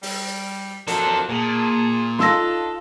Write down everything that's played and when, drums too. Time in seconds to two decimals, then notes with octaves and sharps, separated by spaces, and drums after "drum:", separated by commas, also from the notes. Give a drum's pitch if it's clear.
0.03 G3, drum: open hi-hat
0.88 F3 D4 F#4 A4 A#4, drum: hi-hat
1.29 A#2 A#3 G#4 A5
2.19 D4 D#4 F4 A4 C6 E6 A#6, drum: snare